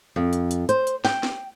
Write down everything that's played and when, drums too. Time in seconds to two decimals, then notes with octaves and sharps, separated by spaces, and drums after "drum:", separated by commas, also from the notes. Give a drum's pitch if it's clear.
0.16 F2
0.33 drum: hi-hat
0.51 drum: hi-hat
0.69 C5, drum: hi-hat
0.87 drum: hi-hat
1.05 G5, drum: snare
1.23 drum: snare